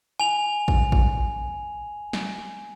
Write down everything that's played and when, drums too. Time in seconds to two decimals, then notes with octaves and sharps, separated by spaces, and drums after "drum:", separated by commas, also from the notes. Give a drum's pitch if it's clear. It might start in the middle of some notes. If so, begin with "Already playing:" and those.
0.20 G#5 F7
0.68 drum: kick A1
0.92 drum: kick A1
2.13 drum: snare